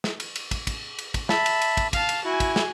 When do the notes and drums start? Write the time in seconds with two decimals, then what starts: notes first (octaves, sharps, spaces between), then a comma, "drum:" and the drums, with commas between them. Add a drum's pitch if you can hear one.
0.04 drum: snare
0.20 drum: cymbal
0.36 drum: cymbal
0.51 drum: kick, cymbal
0.67 drum: kick, cymbal
0.99 drum: cymbal
1.14 drum: kick, cymbal
1.29 E5 A5 B5, drum: snare
1.46 drum: cymbal
1.62 drum: cymbal
1.77 drum: kick, cymbal
1.93 F5 A5, drum: kick, cymbal
2.09 drum: cymbal
2.25 E4 F#4 G#5
2.40 drum: kick, cymbal
2.56 drum: snare